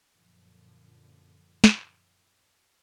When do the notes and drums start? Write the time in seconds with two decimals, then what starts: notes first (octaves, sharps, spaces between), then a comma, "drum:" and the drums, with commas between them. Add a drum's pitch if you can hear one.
0.12 F#2 A#2 D3 F3
1.64 drum: snare